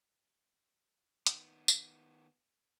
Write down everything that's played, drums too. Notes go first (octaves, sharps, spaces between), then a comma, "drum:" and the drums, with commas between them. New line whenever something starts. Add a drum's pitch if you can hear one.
D#3 B3, drum: hi-hat
drum: tambourine